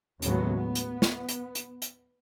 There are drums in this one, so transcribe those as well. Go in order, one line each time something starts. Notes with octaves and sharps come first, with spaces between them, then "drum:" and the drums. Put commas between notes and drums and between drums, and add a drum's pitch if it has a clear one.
D#2 A2 C#3 F#3 G#3 B3, drum: hi-hat
B3
drum: hi-hat
drum: snare
drum: hi-hat
drum: hi-hat
drum: hi-hat